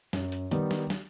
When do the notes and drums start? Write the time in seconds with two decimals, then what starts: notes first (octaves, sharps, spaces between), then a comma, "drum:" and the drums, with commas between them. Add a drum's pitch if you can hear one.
0.13 F#2, drum: snare
0.32 drum: hi-hat
0.51 D#3 G3 B3, drum: hi-hat
0.71 drum: snare
0.90 drum: snare